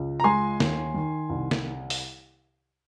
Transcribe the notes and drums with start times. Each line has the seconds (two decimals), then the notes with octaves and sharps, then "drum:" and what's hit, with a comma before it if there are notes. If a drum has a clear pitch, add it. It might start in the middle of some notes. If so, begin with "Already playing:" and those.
Already playing: C#2
0.20 A#5
0.24 G#3 G#5 C6
0.60 D#2, drum: snare
0.94 D#3
1.29 C2
1.51 drum: snare
1.90 drum: open hi-hat